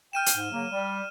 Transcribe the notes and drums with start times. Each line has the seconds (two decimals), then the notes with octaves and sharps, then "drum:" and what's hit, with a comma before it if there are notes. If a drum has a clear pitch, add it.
0.13 G5 F6 D#7 E7
0.26 drum: hi-hat
0.36 G#2
0.51 C#3 F#3 A#3
0.71 G3